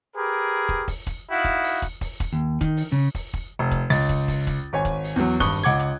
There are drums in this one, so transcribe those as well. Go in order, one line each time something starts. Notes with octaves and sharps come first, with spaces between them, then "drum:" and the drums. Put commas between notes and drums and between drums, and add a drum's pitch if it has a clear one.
G4 G#4 A#4 B4
drum: kick
drum: kick, open hi-hat
drum: kick, hi-hat
D#4 E4 F#4 F5
drum: kick, hi-hat
drum: open hi-hat
drum: kick, hi-hat
drum: kick, open hi-hat
drum: kick, hi-hat
D#2
D#3, drum: kick, hi-hat
drum: open hi-hat
C#3
drum: kick, open hi-hat
drum: kick
F1
drum: kick, hi-hat
C#2 A6, drum: open hi-hat
drum: kick, hi-hat
drum: kick, open hi-hat
drum: kick, hi-hat
G#1 C#5 G#5
drum: kick, hi-hat
drum: open hi-hat
E2 F#3
G#1 G2 C#6 D#6 F#6 G7, drum: kick, open hi-hat
C#2 F#5 D6 G#6
drum: hi-hat